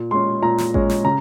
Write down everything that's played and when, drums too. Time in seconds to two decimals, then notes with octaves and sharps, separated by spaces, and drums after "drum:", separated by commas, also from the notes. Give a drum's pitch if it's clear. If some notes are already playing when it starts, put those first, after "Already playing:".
Already playing: A#2
0.11 G#3 C#4 C6
0.42 A#2 A#5
0.58 drum: snare
0.74 G#3 C#4, drum: kick A1
0.90 drum: snare
1.04 C#3 A#5